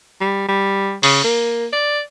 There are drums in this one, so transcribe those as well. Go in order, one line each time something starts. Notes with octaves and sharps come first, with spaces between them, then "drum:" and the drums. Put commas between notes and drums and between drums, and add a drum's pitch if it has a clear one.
G3
G3
C#3, drum: open hi-hat
A#3
D5